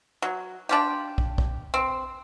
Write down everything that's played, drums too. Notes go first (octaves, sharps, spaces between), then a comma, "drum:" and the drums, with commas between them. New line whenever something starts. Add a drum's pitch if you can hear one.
F#3
D4 F4 G4
drum: kick
drum: kick
C4